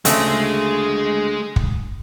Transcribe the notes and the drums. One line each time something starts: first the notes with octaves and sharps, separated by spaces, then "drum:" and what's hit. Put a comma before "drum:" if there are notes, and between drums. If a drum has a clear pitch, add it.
D2 C#3 G#3 A3 C4 E5, drum: hi-hat
drum: kick